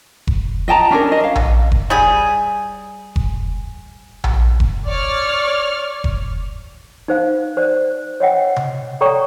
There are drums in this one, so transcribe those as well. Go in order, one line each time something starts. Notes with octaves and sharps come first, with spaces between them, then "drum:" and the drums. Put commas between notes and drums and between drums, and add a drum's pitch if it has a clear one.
drum: kick F1
D#5 G5 A5 A#5
C#4 D4 G#4 A#4
D#5
F5
drum: tom A#1
drum: kick F1
G3 G#4
drum: kick F1
drum: tom A#1
drum: kick F1
C#5 D5 F6
drum: kick F1
D#4 C5 F5
C5 D5
C#5 D#5 F#5 G5
drum: tom C3
A4 C#5 D5 G5 A#5 C#6